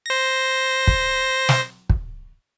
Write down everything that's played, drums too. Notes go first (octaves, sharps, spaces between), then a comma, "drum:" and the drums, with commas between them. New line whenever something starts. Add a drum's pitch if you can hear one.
C5 A#6
drum: kick
drum: snare
drum: kick